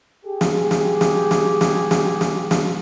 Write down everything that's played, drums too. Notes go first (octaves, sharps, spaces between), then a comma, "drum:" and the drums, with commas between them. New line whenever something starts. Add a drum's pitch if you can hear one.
G4 G#4
drum: snare
drum: snare
drum: snare
drum: snare
drum: snare
drum: snare
drum: snare
drum: snare